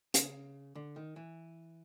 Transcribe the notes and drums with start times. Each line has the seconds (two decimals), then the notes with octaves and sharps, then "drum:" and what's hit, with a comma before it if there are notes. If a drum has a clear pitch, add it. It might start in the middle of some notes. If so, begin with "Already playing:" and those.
0.14 C#3, drum: hi-hat
0.75 D3
0.96 D#3
1.16 E3